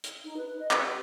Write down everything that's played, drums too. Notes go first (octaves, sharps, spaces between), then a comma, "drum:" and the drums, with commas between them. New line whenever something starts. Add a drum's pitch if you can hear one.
drum: hi-hat
D#4
B4
D#5
B4, drum: clap
G4